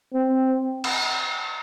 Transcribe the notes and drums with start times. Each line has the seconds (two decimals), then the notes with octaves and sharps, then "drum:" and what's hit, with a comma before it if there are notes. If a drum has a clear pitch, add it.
0.14 C4
0.84 drum: cymbal